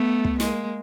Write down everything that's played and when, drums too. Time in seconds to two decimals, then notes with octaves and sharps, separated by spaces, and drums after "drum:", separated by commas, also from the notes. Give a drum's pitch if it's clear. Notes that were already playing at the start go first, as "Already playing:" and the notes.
Already playing: A3 B3
0.25 drum: kick
0.40 G#3 A#3, drum: snare